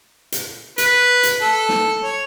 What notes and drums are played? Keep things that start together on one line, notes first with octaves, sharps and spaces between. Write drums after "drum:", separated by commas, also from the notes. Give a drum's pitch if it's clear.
drum: hi-hat
B4, drum: hi-hat
drum: hi-hat
A4
drum: snare
C#5